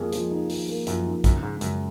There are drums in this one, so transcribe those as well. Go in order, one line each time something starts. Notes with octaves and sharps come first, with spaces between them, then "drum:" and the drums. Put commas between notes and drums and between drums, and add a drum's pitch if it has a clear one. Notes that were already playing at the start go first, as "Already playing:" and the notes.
Already playing: F2 A#3 G#4
F3, drum: hi-hat
D#4
G#4, drum: open hi-hat
A#3
F#2 F3, drum: hi-hat
D#4
F#2 C#3, drum: kick, hi-hat
G#2 G#3
F#2 C#3, drum: hi-hat